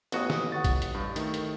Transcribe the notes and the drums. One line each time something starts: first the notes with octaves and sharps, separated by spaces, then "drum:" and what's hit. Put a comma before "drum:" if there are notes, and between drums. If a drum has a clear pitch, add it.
A1 F2 B3 F#4 D#6, drum: hi-hat
drum: snare
F#5 C#6 A6
drum: kick, hi-hat
drum: hi-hat
G2
D#3 A3, drum: hi-hat
drum: hi-hat